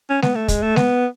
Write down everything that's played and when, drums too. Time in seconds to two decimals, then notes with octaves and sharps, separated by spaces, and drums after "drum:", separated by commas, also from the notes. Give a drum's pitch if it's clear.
0.09 C#4
0.22 B3, drum: snare G#3
0.35 A3
0.48 G#3, drum: kick, hi-hat
0.62 A3
0.76 B3, drum: snare G#3